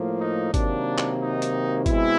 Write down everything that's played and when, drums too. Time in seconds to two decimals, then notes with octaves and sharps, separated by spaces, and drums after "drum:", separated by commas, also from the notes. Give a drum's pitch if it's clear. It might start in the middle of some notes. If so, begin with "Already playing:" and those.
Already playing: A2 F3 A#3
0.21 D#4
0.54 C3 D#3 F#3 A#3 D4, drum: kick, hi-hat
0.98 drum: clap
1.20 D#4
1.42 drum: hi-hat
1.86 B2 G#3 C4 E4, drum: kick, hi-hat